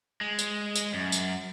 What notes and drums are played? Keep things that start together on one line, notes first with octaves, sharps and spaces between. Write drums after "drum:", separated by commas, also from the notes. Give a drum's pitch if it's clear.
G#3
drum: tambourine
drum: tambourine
F#2
drum: tambourine